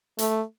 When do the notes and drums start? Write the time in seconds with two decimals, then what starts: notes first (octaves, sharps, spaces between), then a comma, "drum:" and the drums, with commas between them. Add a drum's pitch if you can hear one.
0.18 A3, drum: hi-hat